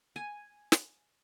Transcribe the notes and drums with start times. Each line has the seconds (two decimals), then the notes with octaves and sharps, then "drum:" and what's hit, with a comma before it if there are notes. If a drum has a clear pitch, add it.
0.16 G#5
0.72 drum: snare